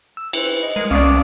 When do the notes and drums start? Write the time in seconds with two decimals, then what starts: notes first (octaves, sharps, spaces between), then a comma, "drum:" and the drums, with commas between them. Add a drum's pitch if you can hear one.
0.17 E6
0.33 E4 B4 C5, drum: cymbal
0.63 D#5
0.76 G#3 A#4
0.91 C2 C#4 D5 F5 D6 D#6